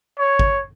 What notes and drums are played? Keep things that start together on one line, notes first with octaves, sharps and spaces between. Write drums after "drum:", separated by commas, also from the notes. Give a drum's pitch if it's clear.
C#5
drum: kick G#1